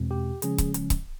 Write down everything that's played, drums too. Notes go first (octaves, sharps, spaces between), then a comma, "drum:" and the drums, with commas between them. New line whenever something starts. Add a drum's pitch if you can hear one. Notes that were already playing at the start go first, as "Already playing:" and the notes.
Already playing: E2 B2 G#3 C4
G4
C#3 F3 G#3 C#4 G#4, drum: hi-hat
drum: kick C#1, hi-hat
drum: hi-hat
drum: kick C#1, hi-hat